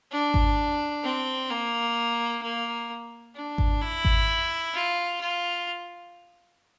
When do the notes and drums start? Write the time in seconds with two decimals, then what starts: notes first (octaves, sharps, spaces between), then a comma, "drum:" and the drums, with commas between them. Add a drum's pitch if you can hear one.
0.12 D4
0.34 drum: kick G#1
1.03 C4
1.50 A#3
2.42 A#3
3.35 D4
3.58 drum: kick G#1
3.82 E4
4.05 drum: kick G#1
4.74 F4
5.20 F4